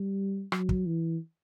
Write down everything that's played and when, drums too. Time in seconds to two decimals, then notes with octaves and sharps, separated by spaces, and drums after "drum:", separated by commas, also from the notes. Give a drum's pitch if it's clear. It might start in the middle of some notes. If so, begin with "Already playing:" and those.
Already playing: G3
0.52 F#3, drum: rim click
0.69 drum: kick
0.86 E3